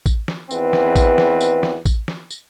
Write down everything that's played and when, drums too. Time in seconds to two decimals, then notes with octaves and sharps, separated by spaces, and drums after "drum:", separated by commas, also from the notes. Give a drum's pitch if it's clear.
0.06 drum: kick A1, tambourine
0.28 drum: snare
0.51 G#1 E2 C4 B4, drum: tambourine
0.73 drum: snare
0.96 drum: kick A1, tambourine
1.18 drum: snare
1.41 drum: tambourine
1.63 drum: snare
1.86 drum: kick A1, tambourine
2.08 drum: snare
2.30 drum: tambourine